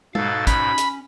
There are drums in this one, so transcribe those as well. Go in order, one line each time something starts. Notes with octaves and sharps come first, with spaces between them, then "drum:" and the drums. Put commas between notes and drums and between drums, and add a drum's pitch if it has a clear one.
G#2 B2 A4 F5, drum: tom G#3
C#4 B5, drum: kick, hi-hat
drum: hi-hat